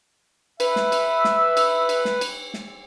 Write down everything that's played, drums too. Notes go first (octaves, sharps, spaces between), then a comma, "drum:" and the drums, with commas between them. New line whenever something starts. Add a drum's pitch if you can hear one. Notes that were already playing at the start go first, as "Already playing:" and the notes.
B4 E5, drum: cymbal
drum: snare
drum: cymbal
drum: snare
drum: cymbal
drum: cymbal
drum: snare
drum: cymbal
drum: snare